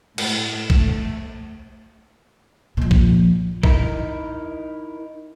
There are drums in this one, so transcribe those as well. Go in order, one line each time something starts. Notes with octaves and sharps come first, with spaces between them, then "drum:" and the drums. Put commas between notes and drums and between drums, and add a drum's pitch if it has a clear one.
A2, drum: cymbal
A3, drum: kick
A#2 F3
drum: kick
D#4 E4 A#4, drum: kick